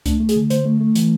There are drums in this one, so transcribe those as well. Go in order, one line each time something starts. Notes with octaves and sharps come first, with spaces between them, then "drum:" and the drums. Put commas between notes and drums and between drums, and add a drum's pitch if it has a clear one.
A3 D4, drum: kick C#2, hi-hat
A3
G#4, drum: hi-hat
D3
D3 C5, drum: hi-hat
A3
A3
E3, drum: hi-hat